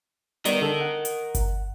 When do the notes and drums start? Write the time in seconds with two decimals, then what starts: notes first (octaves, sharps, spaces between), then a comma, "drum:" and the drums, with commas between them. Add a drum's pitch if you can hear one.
0.45 G3 B3 A#4 D5 D#5, drum: hi-hat
0.62 D3 A4
0.81 F#5
1.05 drum: hi-hat
1.35 drum: kick G1, hi-hat